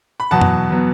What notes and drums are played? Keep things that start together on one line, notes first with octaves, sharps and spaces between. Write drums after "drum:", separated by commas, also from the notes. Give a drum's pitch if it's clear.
B5
E2 B2 F#3 B3 F#5 A5
drum: tom F#2
B2 F#3 B3